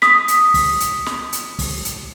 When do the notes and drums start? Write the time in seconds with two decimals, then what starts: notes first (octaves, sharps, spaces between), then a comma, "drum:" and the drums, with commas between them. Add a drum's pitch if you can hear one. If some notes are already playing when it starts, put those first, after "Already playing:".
0.02 D#6 B6, drum: snare
0.28 drum: hi-hat
0.54 drum: kick, open hi-hat
0.80 drum: hi-hat
1.06 drum: snare
1.33 drum: hi-hat
1.59 drum: kick, open hi-hat
1.85 drum: hi-hat